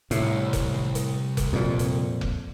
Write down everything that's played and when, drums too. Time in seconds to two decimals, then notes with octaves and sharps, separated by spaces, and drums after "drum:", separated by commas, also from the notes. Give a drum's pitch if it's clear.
0.11 C2 A2, drum: hi-hat
0.53 drum: kick F1, hi-hat
0.74 drum: snare
0.95 drum: hi-hat
1.37 drum: kick F1, hi-hat
1.53 F2 A#2
1.79 drum: hi-hat
2.21 drum: kick F1